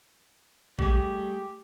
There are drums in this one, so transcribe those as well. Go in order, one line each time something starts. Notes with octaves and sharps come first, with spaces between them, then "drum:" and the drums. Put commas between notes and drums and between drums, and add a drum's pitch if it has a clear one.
G3 A3 G4 G#4, drum: kick A1